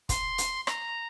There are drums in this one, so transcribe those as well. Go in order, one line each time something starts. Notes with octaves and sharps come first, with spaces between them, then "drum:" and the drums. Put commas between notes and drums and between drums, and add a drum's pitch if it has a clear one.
C6, drum: kick, hi-hat
drum: hi-hat
A#5, drum: rim click